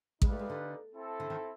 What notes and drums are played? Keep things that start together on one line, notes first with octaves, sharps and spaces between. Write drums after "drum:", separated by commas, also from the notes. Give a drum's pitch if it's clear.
G#3 D#4 G4 B4 D5 F5, drum: kick A1
A3
G#3
D3
C4 E4 A4
D3
D#3